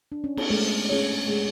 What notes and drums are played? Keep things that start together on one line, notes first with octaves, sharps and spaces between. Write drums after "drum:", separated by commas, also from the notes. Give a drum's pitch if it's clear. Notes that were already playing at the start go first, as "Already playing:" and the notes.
D4
C#4
B3, drum: cymbal
G#3 A3
C#4 G#4 C#5
G#3